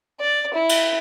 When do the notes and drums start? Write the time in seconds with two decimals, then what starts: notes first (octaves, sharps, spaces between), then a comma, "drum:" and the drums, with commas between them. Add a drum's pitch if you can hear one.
0.20 D5
0.54 E4
0.69 drum: cymbal